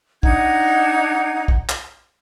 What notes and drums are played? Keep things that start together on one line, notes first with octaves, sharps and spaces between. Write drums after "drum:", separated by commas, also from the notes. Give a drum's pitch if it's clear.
D4 D#4 F#5 G#6, drum: kick
drum: kick
drum: clap